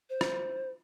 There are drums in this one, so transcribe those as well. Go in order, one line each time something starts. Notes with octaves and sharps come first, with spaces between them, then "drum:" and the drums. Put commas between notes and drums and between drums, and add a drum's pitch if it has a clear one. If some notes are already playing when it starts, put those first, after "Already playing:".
C5
drum: rim click